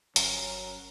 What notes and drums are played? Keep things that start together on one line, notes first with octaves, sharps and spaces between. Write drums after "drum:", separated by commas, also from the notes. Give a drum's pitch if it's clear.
G1 F#3 C#4 A#4, drum: hi-hat